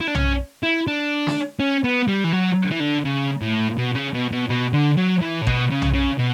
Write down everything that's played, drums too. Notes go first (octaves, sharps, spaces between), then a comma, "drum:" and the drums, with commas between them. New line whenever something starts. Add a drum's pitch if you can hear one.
E4
D4
C#4, drum: tom B1
E4
D4
drum: snare
C#4
B3
G3
E3
F#3
E3
D3
C#3
A2
B2
C#3
B2
B2
B2
D3
F#3
E3
A2
B2, drum: kick A1
C#3
drum: tom B1
C#3
B2